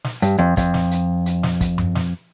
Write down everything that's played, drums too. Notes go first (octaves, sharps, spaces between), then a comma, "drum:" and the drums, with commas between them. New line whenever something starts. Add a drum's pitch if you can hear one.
drum: snare
G2, drum: hi-hat
F2
F2, drum: kick, hi-hat
drum: snare
drum: hi-hat
drum: hi-hat
drum: snare
drum: kick, hi-hat
drum: tom F#2
drum: snare